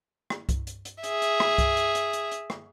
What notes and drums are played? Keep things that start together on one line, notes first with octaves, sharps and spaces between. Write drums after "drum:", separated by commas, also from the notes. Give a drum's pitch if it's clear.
drum: rim click
drum: kick C2, hi-hat
drum: hi-hat
drum: hi-hat
G#4 E5, drum: hi-hat
drum: hi-hat
drum: rim click
drum: kick C2, hi-hat
drum: hi-hat
drum: hi-hat
drum: hi-hat
drum: hi-hat
drum: rim click